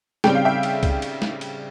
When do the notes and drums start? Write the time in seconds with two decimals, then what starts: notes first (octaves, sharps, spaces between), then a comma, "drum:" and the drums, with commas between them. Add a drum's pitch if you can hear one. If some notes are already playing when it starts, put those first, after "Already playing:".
0.24 C#3 G3 C4 G5, drum: snare
0.35 F5
0.45 E5 G5
0.63 drum: cymbal
0.83 drum: kick C2, cymbal
1.02 drum: cymbal
1.22 drum: snare
1.41 drum: cymbal